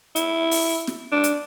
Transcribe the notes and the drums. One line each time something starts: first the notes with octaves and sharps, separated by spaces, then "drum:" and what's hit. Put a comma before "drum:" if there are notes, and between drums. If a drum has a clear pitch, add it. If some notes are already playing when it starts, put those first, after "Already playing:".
E4, drum: hi-hat
drum: open hi-hat
drum: snare
D4
drum: hi-hat